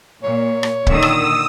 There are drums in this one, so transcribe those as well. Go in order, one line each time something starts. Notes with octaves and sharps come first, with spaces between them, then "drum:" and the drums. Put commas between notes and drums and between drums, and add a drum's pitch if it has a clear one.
A#2 C#5
drum: rim click
A#2 D3 D#3 D#6 E6, drum: kick C#1
drum: rim click